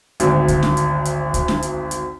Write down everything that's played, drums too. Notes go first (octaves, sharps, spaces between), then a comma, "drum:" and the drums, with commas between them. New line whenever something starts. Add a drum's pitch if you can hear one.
G#1 D2, drum: hi-hat
drum: kick C#2, hi-hat
drum: snare
drum: hi-hat
drum: hi-hat
drum: kick C#2, hi-hat
drum: snare
drum: hi-hat
drum: hi-hat